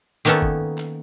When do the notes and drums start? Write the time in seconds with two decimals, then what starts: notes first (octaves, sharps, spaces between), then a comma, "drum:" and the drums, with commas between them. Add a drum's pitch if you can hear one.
0.25 D#3 A#3 B3 C#4 D#4 A4
0.42 drum: kick
0.77 drum: clap